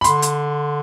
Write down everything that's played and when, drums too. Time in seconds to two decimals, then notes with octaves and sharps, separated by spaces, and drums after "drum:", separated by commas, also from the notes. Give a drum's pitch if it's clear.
0.01 B5
0.04 D3 C6, drum: hi-hat
0.22 drum: hi-hat